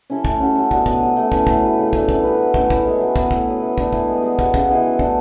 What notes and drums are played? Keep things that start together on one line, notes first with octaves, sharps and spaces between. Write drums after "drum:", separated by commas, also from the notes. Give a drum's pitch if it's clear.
C#4 E4 A4
A3, drum: kick
C#4 F#4 A4
F#3
B3 D4 F#4, drum: kick
B2, drum: kick
F#3 C#4
A3
C#4 E4 B4, drum: kick
A2, drum: kick
F#3 A3
C#3
E3 A3 D4, drum: kick
E3, drum: kick
B3 F#4 B4
F#3
A3 C#4 E4, drum: kick
A2, drum: kick
E3 G#3
F#3
B3 E4 B4, drum: kick
A2, drum: kick
F#3 B3
E3
A3 D4, drum: kick
E3, drum: kick
G#3 B3
G#3
B3 F#4 C#5, drum: kick
C#3, drum: kick
E3 G#3 B3
F#3
A3 D4, drum: kick